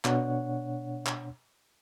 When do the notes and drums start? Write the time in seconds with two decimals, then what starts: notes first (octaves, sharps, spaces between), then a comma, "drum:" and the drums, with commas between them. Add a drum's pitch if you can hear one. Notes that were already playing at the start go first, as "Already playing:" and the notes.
0.05 B2 D4 C#5 F#5, drum: clap
1.06 drum: clap